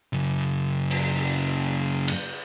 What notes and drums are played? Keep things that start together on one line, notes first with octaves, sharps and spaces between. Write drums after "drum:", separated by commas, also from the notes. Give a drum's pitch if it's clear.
F#2 C#3
drum: cymbal
drum: cymbal